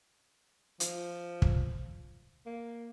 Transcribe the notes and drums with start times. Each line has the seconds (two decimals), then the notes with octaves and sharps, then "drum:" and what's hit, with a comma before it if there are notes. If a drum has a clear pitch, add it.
0.80 F3, drum: hi-hat
1.42 drum: kick
2.46 A#3